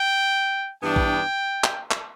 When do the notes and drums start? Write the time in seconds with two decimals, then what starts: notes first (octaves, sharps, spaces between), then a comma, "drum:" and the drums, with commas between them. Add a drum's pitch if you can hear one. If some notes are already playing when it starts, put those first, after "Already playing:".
Already playing: G5
0.83 G2 E3 B3 D4 G5
0.96 drum: kick A#1
1.64 drum: clap
1.91 drum: clap